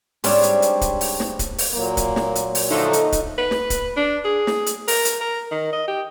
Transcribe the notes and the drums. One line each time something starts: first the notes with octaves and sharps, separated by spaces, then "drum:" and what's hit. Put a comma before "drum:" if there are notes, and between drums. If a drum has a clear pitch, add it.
G#2 G3 C4 D4 C#5, drum: open hi-hat
drum: hi-hat
drum: hi-hat
drum: kick D1, hi-hat
drum: open hi-hat
drum: snare
drum: kick D1, hi-hat
drum: open hi-hat
A#2 F#3 A#3
drum: kick D1, hi-hat
drum: snare
drum: hi-hat
drum: open hi-hat
D3 F3 A3 D#4
drum: hi-hat
drum: kick D1, hi-hat
B4
drum: snare
drum: kick D1, hi-hat
D4
G#4
drum: snare
drum: hi-hat
A#4, drum: open hi-hat
drum: hi-hat
A#4
D#3
D#5
G4